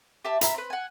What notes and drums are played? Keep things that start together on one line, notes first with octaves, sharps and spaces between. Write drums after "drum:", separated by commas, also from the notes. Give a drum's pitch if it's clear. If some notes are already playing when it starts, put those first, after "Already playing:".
G4 E5 A5
E5 A#5 B5, drum: hi-hat
C4 B4
F#5 G#5